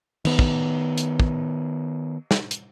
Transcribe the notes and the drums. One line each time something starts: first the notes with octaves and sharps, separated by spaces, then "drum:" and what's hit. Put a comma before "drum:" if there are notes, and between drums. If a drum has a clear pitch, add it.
D#3 B3, drum: cymbal
drum: kick
drum: hi-hat
drum: kick
drum: snare
drum: hi-hat